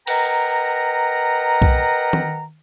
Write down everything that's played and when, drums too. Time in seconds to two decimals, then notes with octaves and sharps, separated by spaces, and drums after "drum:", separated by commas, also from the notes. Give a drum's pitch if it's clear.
0.07 A#4 B4 D#5 F#5 G5 A#5, drum: cymbal
0.25 drum: hi-hat
1.62 drum: kick B1
2.13 drum: tom D#3